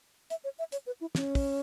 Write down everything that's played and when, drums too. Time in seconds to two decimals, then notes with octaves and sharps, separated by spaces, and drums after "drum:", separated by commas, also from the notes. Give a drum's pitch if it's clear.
0.30 E5, drum: hi-hat
0.44 C#5
0.59 E5
0.72 C#5, drum: hi-hat
0.86 B4
1.01 E4
1.15 C#4, drum: snare
1.35 drum: kick, open hi-hat